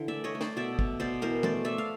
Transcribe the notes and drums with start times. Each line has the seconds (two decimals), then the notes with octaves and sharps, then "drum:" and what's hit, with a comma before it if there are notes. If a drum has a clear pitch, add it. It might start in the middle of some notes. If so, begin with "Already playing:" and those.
Already playing: D3 E3
0.08 D5 E5
0.14 A3
0.24 C#5 D#5
0.35 A3
0.41 C5 D5, drum: snare
0.56 B2 D5 E5
0.79 B2, drum: kick
1.00 B2 C5 D5
1.22 E3 A#4 C5
1.43 A3 C5 D5, drum: tom
1.65 A3 D5 E5
1.78 F5